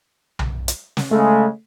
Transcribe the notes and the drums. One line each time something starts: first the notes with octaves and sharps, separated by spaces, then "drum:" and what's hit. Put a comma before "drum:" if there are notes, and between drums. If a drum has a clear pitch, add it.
drum: tom B1
drum: hi-hat
drum: snare
C#3 G#3 A3 A4